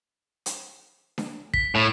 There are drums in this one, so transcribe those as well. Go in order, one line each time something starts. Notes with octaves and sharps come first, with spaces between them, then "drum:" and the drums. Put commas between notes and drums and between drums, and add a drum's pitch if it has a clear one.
drum: hi-hat
drum: snare D4
B6, drum: kick
A2